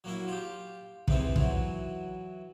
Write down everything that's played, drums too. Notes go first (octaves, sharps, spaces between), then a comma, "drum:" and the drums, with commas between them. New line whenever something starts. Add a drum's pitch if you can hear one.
F#3 A#3 E4
F4 G4
G#2 C3 E3 C4, drum: kick
E3 F#3, drum: kick